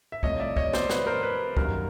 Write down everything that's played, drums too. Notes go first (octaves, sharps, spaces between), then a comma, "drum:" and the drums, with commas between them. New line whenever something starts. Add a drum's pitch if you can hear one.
E5
C2 C3 F3 A3 C#5 D#5, drum: kick
D5 E5
C#5 D#5, drum: kick
C5 D5, drum: snare
B4 C#5, drum: snare
A#4 C5
B4
F#2 D#3 G3 A#3 A#4, drum: kick